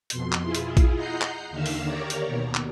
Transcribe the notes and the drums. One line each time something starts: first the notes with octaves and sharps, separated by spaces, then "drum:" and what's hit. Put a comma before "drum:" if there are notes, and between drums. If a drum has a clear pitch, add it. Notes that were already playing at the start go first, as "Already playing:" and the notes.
F2 B2 C6, drum: hi-hat
drum: clap
E4 F4 G#4
drum: hi-hat
drum: kick A#1, hi-hat
D#5 F#5 A#5 G6 C7
drum: clap
D#2 D3 D#3 E5 F5 E6
drum: open hi-hat
G4 A#4 C#5 D5 A#5
drum: hi-hat
D#2 B2
drum: clap